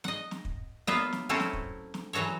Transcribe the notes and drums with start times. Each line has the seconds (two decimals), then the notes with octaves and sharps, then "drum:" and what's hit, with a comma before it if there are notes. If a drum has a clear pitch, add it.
0.04 D#5 F#5, drum: snare
0.31 drum: snare
0.45 drum: kick
0.87 F#3 A#3 B3 F4 B4 E5, drum: snare
1.13 drum: snare
1.29 F#3 A3 C4 C#4 E4 A4
1.40 drum: snare
1.53 drum: kick
1.94 drum: snare
2.13 E3 F#3 F#4 A4 C#5